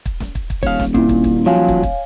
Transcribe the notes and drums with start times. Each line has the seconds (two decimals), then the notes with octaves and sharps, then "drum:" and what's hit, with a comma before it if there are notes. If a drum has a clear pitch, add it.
0.06 drum: kick
0.20 drum: snare
0.35 drum: kick
0.50 drum: kick
0.63 D#1 C#5 F5, drum: kick
0.80 drum: snare
0.94 A#2 C4 C#4 E4, drum: kick
1.09 drum: kick
1.24 drum: kick
1.46 F3 F#3 C#5 F5 G#5
1.68 drum: kick
1.83 drum: kick